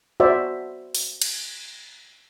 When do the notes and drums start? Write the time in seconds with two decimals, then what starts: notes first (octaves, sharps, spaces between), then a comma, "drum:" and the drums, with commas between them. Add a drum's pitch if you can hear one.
0.20 F#4 C5 D5 E5
0.95 drum: open hi-hat
1.22 drum: cymbal